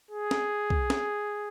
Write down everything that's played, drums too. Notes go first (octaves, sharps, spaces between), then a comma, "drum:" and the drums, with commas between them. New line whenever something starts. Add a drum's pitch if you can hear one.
G#4
drum: snare
drum: kick
drum: snare